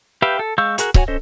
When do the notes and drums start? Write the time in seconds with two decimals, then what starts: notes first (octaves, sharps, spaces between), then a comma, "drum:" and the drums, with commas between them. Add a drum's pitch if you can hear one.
0.22 G4 B4 E5 F5 G5
0.39 A4
0.58 G#3 F5 C#6 E6 G6
0.78 F#4 G#4 A#4 F#6, drum: hi-hat
0.94 B3 F#4 C#5 F#5 G#5, drum: kick C#1
1.08 C#4 A4 C5 D#5